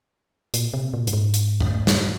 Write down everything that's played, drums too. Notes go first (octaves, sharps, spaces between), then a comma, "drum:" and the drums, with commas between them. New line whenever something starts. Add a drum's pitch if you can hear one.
A#2, drum: hi-hat
C3
A#2
G2, drum: hi-hat
G#2
drum: hi-hat
drum: tom F2
drum: snare